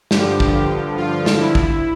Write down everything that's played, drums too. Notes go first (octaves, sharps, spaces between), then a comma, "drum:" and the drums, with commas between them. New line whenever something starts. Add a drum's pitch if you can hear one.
G2 D3 F3 G4, drum: snare
drum: kick
F4
drum: snare
E4
drum: kick